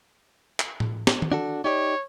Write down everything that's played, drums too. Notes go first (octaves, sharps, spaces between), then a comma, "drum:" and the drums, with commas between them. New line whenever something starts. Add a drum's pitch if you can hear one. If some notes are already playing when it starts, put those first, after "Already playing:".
drum: clap
drum: tom A2
drum: snare
drum: tom D#3
D4 F#4 A4
D#4 G4 C#5 D5